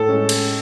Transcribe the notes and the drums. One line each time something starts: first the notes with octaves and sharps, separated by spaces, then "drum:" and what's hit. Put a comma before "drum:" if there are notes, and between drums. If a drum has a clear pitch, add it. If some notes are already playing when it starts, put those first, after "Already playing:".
Already playing: A2 A4
G#3 C#4
drum: cymbal